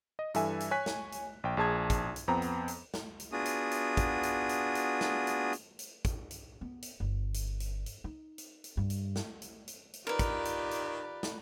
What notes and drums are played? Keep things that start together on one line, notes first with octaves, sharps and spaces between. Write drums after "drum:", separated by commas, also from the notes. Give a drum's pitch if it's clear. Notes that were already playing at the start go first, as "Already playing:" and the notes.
D#5
G2 E3 A4 E5 G#5, drum: hi-hat
drum: hi-hat
C#5 G#5 F#6 B6
drum: snare
drum: hi-hat
A#1 G5
A#1 G#4 A5 G#6
drum: kick, hi-hat
drum: hi-hat
F2 B3 C4 A#5
drum: hi-hat
drum: hi-hat
drum: snare
drum: hi-hat
B3 D4 F4 F#4 G#4 D#6
drum: hi-hat
drum: hi-hat
drum: kick, hi-hat
drum: hi-hat
drum: hi-hat
drum: hi-hat
drum: snare
drum: hi-hat
drum: hi-hat
drum: hi-hat
drum: kick, hi-hat
drum: hi-hat
B3
drum: hi-hat
G1
drum: hi-hat
drum: hi-hat
drum: hi-hat
D#4
drum: hi-hat
drum: hi-hat
G2
drum: hi-hat
drum: snare
drum: hi-hat
drum: hi-hat
drum: hi-hat
D#3 F4 G4 A#4 B4 D5
drum: kick, hi-hat
drum: hi-hat
drum: hi-hat
drum: snare